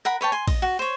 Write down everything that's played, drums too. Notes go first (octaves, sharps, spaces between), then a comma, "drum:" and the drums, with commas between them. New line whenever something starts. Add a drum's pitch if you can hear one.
A#4 F#5 B5
B4 C#5 G5 A5
G#5 C6
D#5, drum: kick A1, cymbal
F#4
C5 C#5